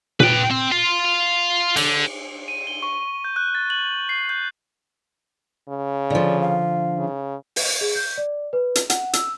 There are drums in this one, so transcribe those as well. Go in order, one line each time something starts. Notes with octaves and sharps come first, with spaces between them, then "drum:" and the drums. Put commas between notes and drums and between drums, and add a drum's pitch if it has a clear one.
B4 G5, drum: tom A#2
C4
F5 C6
D3, drum: cymbal
D#7
G7
C#6
G6
F#6
A6
F#7
C7
G6
C#3
D3 F3 D5
F5
C#3
drum: open hi-hat
G#4
G6
D5
B4
drum: hi-hat
F#5, drum: hi-hat
E6, drum: hi-hat